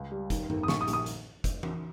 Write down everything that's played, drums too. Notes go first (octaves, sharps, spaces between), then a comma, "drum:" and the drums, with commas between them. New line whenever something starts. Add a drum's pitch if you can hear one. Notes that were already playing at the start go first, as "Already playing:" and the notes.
Already playing: C#2
G3
D#3, drum: kick, hi-hat
D#3, drum: tom
D#6
A#1 C#6, drum: snare
D#6
A#1, drum: hi-hat
D#6
drum: hi-hat
drum: kick, hi-hat
drum: tom E3